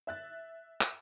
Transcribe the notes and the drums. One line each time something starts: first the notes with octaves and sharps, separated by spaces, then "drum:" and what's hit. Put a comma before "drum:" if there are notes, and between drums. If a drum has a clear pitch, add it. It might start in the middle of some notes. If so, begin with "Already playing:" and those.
E5 F#6 A6
drum: clap